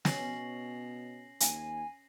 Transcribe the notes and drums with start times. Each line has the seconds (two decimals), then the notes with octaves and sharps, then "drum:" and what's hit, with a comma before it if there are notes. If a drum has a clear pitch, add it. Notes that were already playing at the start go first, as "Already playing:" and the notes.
0.05 B2 C#4 A#6 C7 F#7, drum: snare
1.40 D#2 G#5, drum: hi-hat